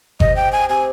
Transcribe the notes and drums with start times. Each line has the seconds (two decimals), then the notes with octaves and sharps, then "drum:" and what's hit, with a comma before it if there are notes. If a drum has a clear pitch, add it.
0.20 C3 D#5, drum: kick G1
0.36 G5
0.53 G#5
0.69 C3 G#5